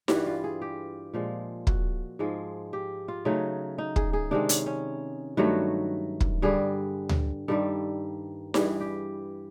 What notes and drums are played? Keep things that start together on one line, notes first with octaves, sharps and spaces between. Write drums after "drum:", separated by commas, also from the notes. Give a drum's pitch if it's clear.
G2 E3 G3 F#4, drum: snare D#4
F4
G#4
G4
A#2 F3 G#3
F#4, drum: kick
G#2 F3 G#3
G4
F4
C#3 F#3 A3 D#4
D#4
G#4, drum: kick
G#4
C3 D#3 G#3 D4
C#4, drum: hi-hat
C#4
G2 D#3 F#3 A3 F#4
drum: kick
G2 D3 G3 G#4
drum: tom D2
G2 D#3 G3 A4
G2 E3 G3 G#4, drum: snare D#4
G4